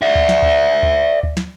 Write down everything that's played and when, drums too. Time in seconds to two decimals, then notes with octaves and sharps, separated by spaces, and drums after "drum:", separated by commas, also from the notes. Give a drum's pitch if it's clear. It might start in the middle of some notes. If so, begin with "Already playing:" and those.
0.02 D5 E5
0.15 drum: kick D2
0.29 drum: snare
0.42 drum: kick D2
0.83 drum: kick D2
1.23 drum: kick D2
1.37 drum: snare